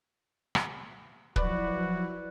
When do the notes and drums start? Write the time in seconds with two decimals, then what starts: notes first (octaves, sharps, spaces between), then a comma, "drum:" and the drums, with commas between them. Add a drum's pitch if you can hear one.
0.55 drum: rim click
1.36 F3 F#3 E4 F#4 B4 D5, drum: kick